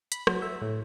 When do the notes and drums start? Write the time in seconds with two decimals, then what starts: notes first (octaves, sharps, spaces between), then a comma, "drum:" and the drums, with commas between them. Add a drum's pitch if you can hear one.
0.12 B5, drum: hi-hat
0.27 F#3, drum: rim click
0.42 E5
0.62 A2